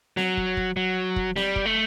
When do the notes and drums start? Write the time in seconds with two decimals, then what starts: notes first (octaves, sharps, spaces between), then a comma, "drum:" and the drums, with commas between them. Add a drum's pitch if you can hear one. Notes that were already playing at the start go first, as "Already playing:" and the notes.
0.17 F#3, drum: snare C4
0.37 drum: kick
0.57 drum: kick
0.76 F#3
1.16 drum: kick
1.36 G3, drum: snare C4
1.56 drum: kick
1.66 A3